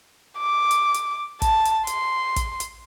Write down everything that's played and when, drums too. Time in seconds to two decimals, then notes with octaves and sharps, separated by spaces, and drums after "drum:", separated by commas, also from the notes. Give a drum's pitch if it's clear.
0.39 D6
0.71 drum: hi-hat
0.94 drum: hi-hat
1.42 A5, drum: kick, hi-hat
1.65 drum: hi-hat
1.87 C6, drum: hi-hat
2.36 drum: kick, hi-hat
2.60 drum: hi-hat